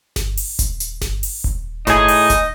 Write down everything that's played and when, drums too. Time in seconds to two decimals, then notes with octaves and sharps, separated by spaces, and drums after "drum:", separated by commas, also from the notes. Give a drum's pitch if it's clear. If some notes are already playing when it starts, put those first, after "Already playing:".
0.16 drum: snare G1
0.37 drum: open hi-hat
0.59 drum: kick D#1, hi-hat
0.80 drum: hi-hat
1.02 drum: snare G1
1.23 drum: open hi-hat
1.44 drum: kick D#1
1.87 A2 D#4 G#4 D#5, drum: snare G1
2.08 drum: open hi-hat
2.30 drum: kick D#1, hi-hat